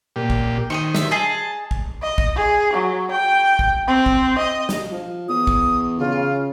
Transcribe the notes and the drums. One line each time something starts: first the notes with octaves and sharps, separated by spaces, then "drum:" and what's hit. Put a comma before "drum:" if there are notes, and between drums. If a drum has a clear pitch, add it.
A#2 G4
drum: kick
D#3 C5 D#5 G5 C#6
E5, drum: snare
G#4 D#5 A5
drum: kick
D#5
drum: kick
G#4
F#3
G5
drum: kick
C4
drum: kick
D#5
drum: snare
F3
E2 D#6
drum: kick
C#3 F4